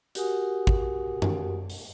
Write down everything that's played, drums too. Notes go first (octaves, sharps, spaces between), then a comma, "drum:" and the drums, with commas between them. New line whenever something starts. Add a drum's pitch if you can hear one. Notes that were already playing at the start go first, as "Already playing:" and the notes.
F#4 G4 A#4 F#5 G#5 D#6, drum: hi-hat
drum: kick
drum: tom
drum: open hi-hat